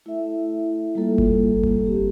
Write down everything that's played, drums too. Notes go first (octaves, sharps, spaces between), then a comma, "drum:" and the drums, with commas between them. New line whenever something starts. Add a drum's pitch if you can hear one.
A3 E4 A4 E5
G3 A#3 F4 A4
drum: kick G1
drum: kick G1
A3 C4 G4